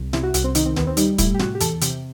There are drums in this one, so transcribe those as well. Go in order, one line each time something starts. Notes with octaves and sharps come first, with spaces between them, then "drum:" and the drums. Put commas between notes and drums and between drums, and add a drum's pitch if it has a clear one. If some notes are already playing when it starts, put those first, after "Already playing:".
Already playing: C2
C3 E4, drum: snare
F#4
C2 F#4, drum: hi-hat
C4
D#3 D#4, drum: hi-hat
C4
D#2 B3, drum: snare
C4
G3 D#4, drum: hi-hat
A2 E4, drum: kick, hi-hat
G4
C3 F#4, drum: snare
G4
E2 A4, drum: hi-hat
C3 G4, drum: hi-hat